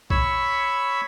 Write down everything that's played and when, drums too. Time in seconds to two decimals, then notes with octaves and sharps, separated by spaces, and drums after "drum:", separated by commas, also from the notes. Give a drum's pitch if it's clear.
0.10 C#5 B5 C#6 E6, drum: kick B1